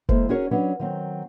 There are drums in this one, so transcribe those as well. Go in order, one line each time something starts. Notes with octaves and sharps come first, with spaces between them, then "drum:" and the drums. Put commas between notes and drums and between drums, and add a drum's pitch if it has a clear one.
E3 G#3 A#3 A4 C5, drum: kick F1
C#4 D#4 F#4 G#4 A#4 C#5
F#3 C#4 D4 B4
D#3 F#3 C4